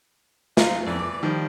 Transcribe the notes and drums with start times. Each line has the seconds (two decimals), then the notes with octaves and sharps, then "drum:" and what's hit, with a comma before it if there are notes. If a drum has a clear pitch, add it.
0.57 D#4 F4 D#5, drum: snare
0.86 F2 E3 D5
0.99 D6
1.23 D#3 F3 G3